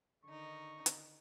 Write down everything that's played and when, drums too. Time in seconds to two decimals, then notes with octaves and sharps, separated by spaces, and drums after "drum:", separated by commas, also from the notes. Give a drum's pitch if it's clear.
0.25 D3 D#3 D#4 C#6
0.86 drum: hi-hat